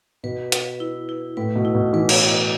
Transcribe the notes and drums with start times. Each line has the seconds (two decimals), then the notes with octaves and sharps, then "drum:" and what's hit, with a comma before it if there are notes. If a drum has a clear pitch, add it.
0.23 B2 B4
0.52 B4, drum: hi-hat
0.80 E4
1.09 E4
1.37 A2 B4
1.55 B2
1.65 E4
1.75 B2
1.93 E3 B4
2.09 drum: cymbal
2.22 E4